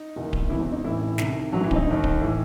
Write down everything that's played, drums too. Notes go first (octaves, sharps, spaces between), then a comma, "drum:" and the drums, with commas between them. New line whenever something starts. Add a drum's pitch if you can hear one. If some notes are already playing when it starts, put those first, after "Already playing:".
Already playing: D#4
F#1 E2 B2
drum: kick D1
E1 E2 C3 E3 E4
C4
D#4
A1 A2 E3 E4
C2 C3 D#3, drum: snare
A1 G2 E3 F#3 F#4
E3 E4
C4, drum: kick D1
D#4
D#2 D#3
drum: kick D1
A2 E3